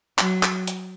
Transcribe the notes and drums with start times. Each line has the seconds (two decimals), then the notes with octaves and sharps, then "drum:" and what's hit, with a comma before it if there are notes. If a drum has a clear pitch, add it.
0.19 F#3, drum: clap
0.43 drum: clap
0.67 drum: hi-hat